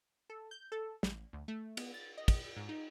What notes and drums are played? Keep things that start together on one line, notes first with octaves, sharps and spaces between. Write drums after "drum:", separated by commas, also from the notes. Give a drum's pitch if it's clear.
A4
G6
A4
A1, drum: snare
D2
A3
B3, drum: cymbal
A6
D#5
drum: kick, cymbal
G#2
D#4